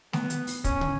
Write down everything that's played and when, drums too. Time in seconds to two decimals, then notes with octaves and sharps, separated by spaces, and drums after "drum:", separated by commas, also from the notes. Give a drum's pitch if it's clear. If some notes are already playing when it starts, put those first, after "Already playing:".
0.13 B3, drum: snare A3
0.30 drum: hi-hat
0.47 drum: open hi-hat
0.64 C#4, drum: kick, hi-hat
0.81 drum: tom